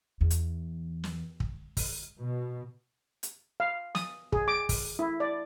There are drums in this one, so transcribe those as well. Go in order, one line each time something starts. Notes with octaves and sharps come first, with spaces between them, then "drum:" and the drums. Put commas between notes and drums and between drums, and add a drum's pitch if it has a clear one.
E2
drum: hi-hat
drum: snare
drum: kick
drum: kick, open hi-hat
B2
drum: hi-hat
F5
D#6, drum: snare
G#4, drum: kick
D6
drum: kick, open hi-hat
E4
D5